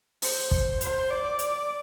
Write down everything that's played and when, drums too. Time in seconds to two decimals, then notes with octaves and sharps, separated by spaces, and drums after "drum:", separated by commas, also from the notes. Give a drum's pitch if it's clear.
0.22 C5, drum: open hi-hat
0.51 drum: kick
0.81 C5, drum: hi-hat
1.10 D5
1.39 drum: hi-hat